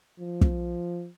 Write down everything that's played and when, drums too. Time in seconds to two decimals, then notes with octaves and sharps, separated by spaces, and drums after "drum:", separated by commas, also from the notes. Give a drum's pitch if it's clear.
0.20 F3
0.41 drum: kick